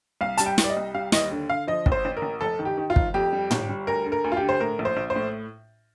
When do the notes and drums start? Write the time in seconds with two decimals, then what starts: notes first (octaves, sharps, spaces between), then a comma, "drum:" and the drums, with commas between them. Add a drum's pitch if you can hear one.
0.21 C2 F5
0.37 G3 A5, drum: hi-hat
0.46 G5
0.58 G3, drum: snare
0.64 D5
0.70 D#5
0.77 C2
0.95 G3 F5
1.12 D#2 D#5, drum: snare
1.31 D3
1.50 D3 F5
1.67 F3 D#5
1.86 A1, drum: kick
1.92 C5
2.05 A1
2.17 A#4
2.22 A1
2.41 F1 A4
2.59 D#3
2.65 G4
2.77 D#3
2.90 F4
2.96 F1, drum: kick
3.14 F2 G4
3.33 G3
3.51 G1, drum: tom
3.69 G3
3.87 D2 A#4
4.06 D3
4.12 A#4
4.24 D2
4.32 F4
4.37 D3 G4
4.49 C5
4.60 A2 A#4
4.79 A#1
4.85 C5
4.97 A#1
5.10 C5
5.16 A2